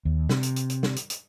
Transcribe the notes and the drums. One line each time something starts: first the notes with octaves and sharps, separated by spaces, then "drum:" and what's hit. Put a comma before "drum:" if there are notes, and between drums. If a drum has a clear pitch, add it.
D#2
C3, drum: snare
drum: hi-hat
drum: hi-hat
drum: hi-hat
drum: snare
drum: hi-hat
drum: hi-hat